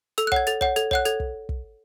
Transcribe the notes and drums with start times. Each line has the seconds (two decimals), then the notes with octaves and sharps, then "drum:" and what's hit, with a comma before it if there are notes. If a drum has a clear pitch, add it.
0.18 A4 E6, drum: hi-hat
0.27 F#6
0.32 C#5 F#5 G#6, drum: kick
0.47 A4 A6, drum: hi-hat
0.61 C#5 F#5, drum: kick
0.76 A4 G#6, drum: hi-hat
0.91 C#5 F#5 F#6, drum: kick
1.05 A4 G#6, drum: hi-hat
1.20 drum: kick
1.49 drum: kick